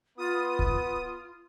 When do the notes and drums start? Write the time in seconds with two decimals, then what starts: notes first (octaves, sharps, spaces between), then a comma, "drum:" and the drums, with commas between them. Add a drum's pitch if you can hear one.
0.18 B3 F4 D#6
0.59 drum: kick